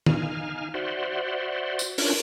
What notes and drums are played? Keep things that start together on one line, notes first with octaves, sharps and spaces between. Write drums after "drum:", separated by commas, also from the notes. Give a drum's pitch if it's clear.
D#4 F5 G#5 F6, drum: tom
F#4 C5 D5 E5 F#5 C6
drum: tambourine
C#4 D4 F4 A#4 B4 C#5, drum: open hi-hat